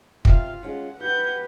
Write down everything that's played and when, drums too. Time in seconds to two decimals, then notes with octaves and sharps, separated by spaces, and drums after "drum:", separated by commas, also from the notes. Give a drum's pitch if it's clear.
0.25 C3 F4 F5, drum: kick
0.63 G#3 C#4 F4 F#5
1.00 F#4 G4 B4 F#5 G6